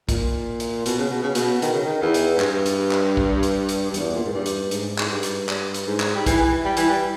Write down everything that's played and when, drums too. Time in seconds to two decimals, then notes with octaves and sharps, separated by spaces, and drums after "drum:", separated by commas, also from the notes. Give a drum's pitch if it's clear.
0.09 A#2, drum: kick, hi-hat
0.60 drum: hi-hat
0.86 B2, drum: hi-hat
0.98 C#3
1.10 B2
1.22 C#3
1.35 B2, drum: hi-hat
1.62 D#3, drum: hi-hat
1.74 C#3
1.85 D#3
2.01 E2
2.14 drum: hi-hat
2.35 G#2
2.40 G2, drum: clap
2.66 drum: hi-hat
2.91 drum: clap
3.17 drum: kick
3.43 drum: hi-hat
3.69 drum: hi-hat
3.91 G2
3.94 E2, drum: hi-hat
4.15 A#2
4.24 G#2
4.33 G2
4.46 drum: hi-hat
4.71 G#2, drum: hi-hat
4.98 G#2, drum: clap
5.10 G2
5.23 drum: hi-hat
5.49 G2, drum: clap
5.74 drum: hi-hat
5.87 G#2
6.00 drum: clap
6.15 G3
6.26 E3, drum: kick, hi-hat
6.65 G3
6.77 E3, drum: hi-hat
6.89 G3